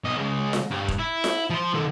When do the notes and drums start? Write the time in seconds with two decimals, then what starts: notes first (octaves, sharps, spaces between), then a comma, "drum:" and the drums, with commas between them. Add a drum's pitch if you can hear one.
0.04 B1 D#5
0.18 C#3 G#3
0.53 drum: snare F4
0.71 G2
0.88 drum: kick
1.00 E4
1.24 drum: snare F4
1.50 F3 C6
1.74 D#3 A4